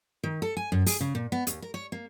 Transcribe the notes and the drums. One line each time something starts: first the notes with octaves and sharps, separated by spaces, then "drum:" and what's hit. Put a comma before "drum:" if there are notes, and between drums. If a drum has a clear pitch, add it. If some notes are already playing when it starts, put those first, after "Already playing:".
D#3
A4
G#5
F#2
G#4, drum: open hi-hat
C#3
A#2
B3
D#2, drum: hi-hat
A#4
C#5
A#3